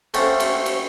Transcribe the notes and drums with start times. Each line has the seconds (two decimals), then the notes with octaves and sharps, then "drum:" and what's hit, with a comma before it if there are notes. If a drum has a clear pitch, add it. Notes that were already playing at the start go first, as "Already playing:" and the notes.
0.14 A3 A#3 C4 C#4 F#5, drum: cymbal
0.40 drum: cymbal
0.66 drum: cymbal